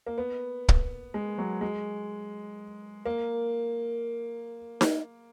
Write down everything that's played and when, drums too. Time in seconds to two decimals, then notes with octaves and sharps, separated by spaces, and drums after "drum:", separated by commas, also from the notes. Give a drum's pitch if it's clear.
0.06 A#3
0.18 B3
0.69 drum: kick
1.14 G#3
1.38 F#3
1.61 G#3
3.05 A#3
4.81 drum: snare D#4